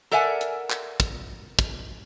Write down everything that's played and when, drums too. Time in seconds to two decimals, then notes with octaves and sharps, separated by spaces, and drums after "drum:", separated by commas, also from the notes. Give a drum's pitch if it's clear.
0.11 A4 A#4 D5 E5 F#5 G#5
0.41 drum: hi-hat
0.70 drum: clap
1.00 drum: kick, hi-hat
1.59 drum: kick, hi-hat